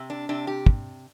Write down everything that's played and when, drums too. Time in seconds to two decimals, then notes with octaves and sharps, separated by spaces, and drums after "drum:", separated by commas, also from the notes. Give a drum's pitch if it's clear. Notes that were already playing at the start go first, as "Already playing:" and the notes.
Already playing: C3
0.10 D4
0.29 C3 D4
0.47 G4
0.66 drum: kick